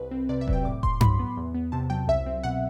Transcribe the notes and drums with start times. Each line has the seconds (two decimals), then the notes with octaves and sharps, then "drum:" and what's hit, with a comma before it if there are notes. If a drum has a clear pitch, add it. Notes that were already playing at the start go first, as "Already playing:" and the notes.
Already playing: C2 B4
0.11 C4
0.29 C3 D5
0.41 E5
0.48 F#3, drum: kick E1
0.53 G5
0.65 A2 D6
0.83 A2 C6, drum: kick E1
1.01 F#3 B5, drum: tom G2
1.19 B3
1.37 E2
1.54 B3
1.72 C3 A5
1.90 F#3 G5
2.08 C2 E5
2.26 C4
2.44 B2 F#5